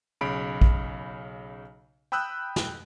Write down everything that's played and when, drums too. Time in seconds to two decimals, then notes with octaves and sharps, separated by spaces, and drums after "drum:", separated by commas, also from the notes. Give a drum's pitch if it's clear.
0.21 B1 C#3 B5 D7
0.61 drum: kick A#1
2.12 G5 B5 D#6 E6 F#6 G6
2.56 drum: snare